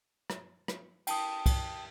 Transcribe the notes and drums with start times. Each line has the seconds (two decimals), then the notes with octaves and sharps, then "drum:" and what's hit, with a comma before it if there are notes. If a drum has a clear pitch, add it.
0.30 drum: rim click
0.68 drum: rim click
1.07 G5 A5 D#6, drum: cymbal
1.46 drum: kick, cymbal